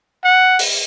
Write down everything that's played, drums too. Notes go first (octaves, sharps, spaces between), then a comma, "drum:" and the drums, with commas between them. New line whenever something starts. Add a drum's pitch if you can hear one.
F#5
drum: open hi-hat